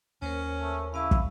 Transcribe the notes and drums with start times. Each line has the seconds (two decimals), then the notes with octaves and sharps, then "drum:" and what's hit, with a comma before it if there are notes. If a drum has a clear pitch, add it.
0.22 D#2 A#3 C#4 A#4 C5 C#5
0.61 A3
0.94 C#3 E4 F5 A5 C#6
1.11 drum: kick